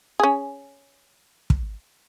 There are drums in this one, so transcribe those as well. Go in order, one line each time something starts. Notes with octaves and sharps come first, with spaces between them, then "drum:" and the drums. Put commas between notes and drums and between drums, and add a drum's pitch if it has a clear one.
C#4 G#4
drum: kick